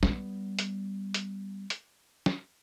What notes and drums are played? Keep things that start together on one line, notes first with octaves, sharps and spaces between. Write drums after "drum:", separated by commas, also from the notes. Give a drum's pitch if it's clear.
G3 B3, drum: snare
drum: hi-hat
drum: hi-hat
drum: hi-hat
drum: snare